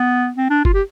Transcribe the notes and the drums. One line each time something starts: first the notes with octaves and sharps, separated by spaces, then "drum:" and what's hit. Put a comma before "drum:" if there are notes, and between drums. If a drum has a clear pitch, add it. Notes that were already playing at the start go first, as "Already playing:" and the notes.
Already playing: B3
C4
D4
F4, drum: kick F#1
G4